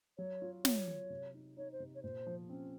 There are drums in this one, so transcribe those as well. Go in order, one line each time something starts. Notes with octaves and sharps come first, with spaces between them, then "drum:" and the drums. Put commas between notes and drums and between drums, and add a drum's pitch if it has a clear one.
F#3 C#5
F4
F4 C#5, drum: snare
F#3
C3
D#4
D#4 C#5
C5
C3
C#5
A#2 C5
F3
C4 C#4